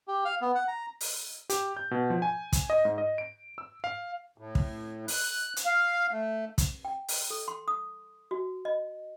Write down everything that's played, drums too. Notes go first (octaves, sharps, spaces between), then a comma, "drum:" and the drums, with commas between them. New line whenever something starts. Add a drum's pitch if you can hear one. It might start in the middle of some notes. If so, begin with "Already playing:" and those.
G4
F5
B3
F#5
A#5
drum: open hi-hat
G4, drum: hi-hat
G6
B2
F3
G#5
drum: kick, hi-hat
D#5
G#2
D#5
D7
E6
F5
A2
drum: kick
F#6, drum: open hi-hat
drum: hi-hat
F5
A3
drum: kick, hi-hat
G5
drum: open hi-hat
A4
C6
D#6
F#4
D#5